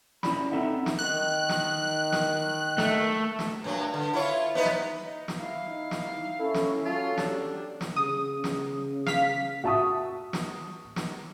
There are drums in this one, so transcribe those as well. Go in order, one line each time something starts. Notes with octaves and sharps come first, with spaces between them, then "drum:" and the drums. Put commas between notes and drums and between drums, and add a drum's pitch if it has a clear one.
C#4 E4 D5 B5, drum: snare
C4 D#4 A4 E5 F#5
drum: snare
D#3 F#6
drum: snare
drum: snare
A3, drum: snare
drum: snare
G2 A#2 F#3
D3
E4 F4 C#5
B3 D#4 B4
drum: snare
D#4
drum: snare
E4 F5
D#4
drum: snare
C#4 E4 A4
drum: snare
F#3 F4 A4
D4 G4, drum: snare
drum: snare
C#3 D#6
drum: snare
F5 B6, drum: snare
F#4 E5 A5 C#6 D#6
drum: snare
drum: snare